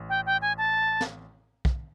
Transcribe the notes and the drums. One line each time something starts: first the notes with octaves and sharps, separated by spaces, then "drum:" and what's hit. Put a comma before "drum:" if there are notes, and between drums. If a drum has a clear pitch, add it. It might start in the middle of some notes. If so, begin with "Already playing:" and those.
Already playing: A1
G5
G5
G#5
A5
drum: snare
drum: kick